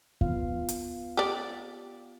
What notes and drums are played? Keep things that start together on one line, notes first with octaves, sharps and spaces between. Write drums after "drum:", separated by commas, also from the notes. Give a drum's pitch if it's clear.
B3 F4 F5, drum: kick D#2
drum: hi-hat
G4 D5